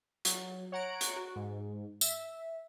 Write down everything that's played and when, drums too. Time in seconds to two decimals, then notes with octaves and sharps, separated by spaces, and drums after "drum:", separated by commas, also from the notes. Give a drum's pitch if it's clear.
0.25 F#3, drum: hi-hat
0.72 C#5 F#5 A#5 D7
1.01 drum: hi-hat
1.16 F#4
1.36 G#2
2.01 E5, drum: tambourine